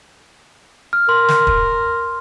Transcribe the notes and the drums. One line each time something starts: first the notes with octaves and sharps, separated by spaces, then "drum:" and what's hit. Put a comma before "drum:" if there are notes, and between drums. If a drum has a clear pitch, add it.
F6
A#4 C6
drum: snare
drum: kick